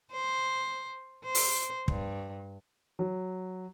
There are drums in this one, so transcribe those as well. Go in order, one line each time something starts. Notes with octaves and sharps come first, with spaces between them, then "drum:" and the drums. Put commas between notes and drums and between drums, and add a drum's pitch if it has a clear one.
C5
C5
drum: open hi-hat
G2, drum: kick
F#3